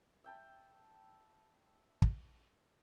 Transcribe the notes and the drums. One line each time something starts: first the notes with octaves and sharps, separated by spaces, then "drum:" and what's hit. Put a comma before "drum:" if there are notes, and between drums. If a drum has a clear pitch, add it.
E5 G5 A5 B5
drum: kick